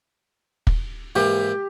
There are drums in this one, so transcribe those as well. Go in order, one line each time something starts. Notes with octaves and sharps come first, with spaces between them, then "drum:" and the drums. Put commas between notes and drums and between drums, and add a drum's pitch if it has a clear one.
drum: kick
G#2 E3 A#3 G4